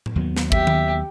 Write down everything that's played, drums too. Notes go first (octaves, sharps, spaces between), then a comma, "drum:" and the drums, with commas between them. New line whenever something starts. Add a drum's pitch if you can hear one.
drum: tom A2
D#2 F#3 B3
drum: snare
G4 E5, drum: kick
drum: tom D#3